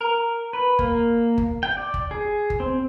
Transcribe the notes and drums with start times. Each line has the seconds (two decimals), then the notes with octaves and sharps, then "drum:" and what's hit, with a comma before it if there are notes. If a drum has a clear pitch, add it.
0.01 A#4
0.53 B4
0.79 A#3, drum: kick G1
1.38 drum: kick G1
1.63 G5
1.77 D5
1.94 drum: kick G1
2.11 G#4
2.50 drum: kick G1
2.60 C4